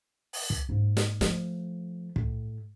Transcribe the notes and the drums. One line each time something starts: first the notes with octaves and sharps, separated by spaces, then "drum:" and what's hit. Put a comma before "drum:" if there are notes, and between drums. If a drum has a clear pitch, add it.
drum: open hi-hat
drum: kick
G#2 A#3
drum: snare
F3 A3, drum: snare
A2, drum: kick